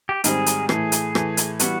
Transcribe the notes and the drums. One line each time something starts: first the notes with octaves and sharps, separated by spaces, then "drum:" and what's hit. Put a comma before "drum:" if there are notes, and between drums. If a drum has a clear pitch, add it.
G4
G#2 D#3 G3 C4 G#4, drum: hi-hat
drum: hi-hat
A2 E3 A3 G#4, drum: rim click
drum: hi-hat
A2 E3 A3, drum: rim click
drum: hi-hat
E3 G3 B3 F#4, drum: hi-hat